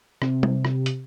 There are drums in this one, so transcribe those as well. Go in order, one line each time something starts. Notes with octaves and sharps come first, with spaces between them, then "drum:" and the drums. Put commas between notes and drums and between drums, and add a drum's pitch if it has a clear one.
C3, drum: rim click
drum: tom G3
drum: rim click
drum: hi-hat